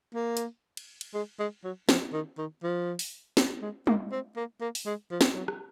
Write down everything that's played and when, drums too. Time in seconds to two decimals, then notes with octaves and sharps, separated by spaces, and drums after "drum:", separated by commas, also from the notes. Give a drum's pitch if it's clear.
0.15 A#3
0.37 drum: hi-hat
0.77 drum: cymbal
1.01 drum: cymbal
1.14 G#3
1.39 G#3
1.64 F#3
1.89 F3, drum: snare
2.13 D#3
2.38 D#3
2.63 F3
2.99 drum: open hi-hat
3.37 drum: snare
3.62 G#3
3.87 A#3, drum: tom G3
4.12 C4
4.36 A#3
4.61 A#3
4.75 drum: open hi-hat
4.86 G#3
5.11 F3
5.21 drum: snare
5.35 F#3
5.48 drum: rim click